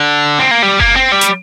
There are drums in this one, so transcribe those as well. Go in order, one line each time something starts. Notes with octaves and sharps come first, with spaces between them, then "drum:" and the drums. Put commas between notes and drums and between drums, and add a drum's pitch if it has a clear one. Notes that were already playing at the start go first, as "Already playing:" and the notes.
Already playing: D3
C4
A#3
G3
A#3, drum: kick F#1
C4
G3
drum: hi-hat